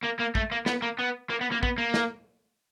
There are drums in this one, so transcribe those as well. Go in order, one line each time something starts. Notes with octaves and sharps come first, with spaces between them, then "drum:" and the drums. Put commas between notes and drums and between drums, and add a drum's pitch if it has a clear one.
A#3
A#3
A3, drum: kick
A#3
B3, drum: snare
A#3
B3
A#3
B3
A#3
B3, drum: kick
A#3
drum: snare